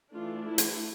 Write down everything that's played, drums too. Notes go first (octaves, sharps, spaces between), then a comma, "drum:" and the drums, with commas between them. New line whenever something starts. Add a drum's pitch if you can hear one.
E3 A3 D4 F4
E4
drum: hi-hat